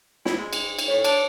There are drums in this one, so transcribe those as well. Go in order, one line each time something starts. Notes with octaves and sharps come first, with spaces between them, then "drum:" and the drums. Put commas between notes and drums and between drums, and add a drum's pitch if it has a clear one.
E4, drum: snare
G#3
drum: cymbal
drum: cymbal
A2 C#5
D4, drum: cymbal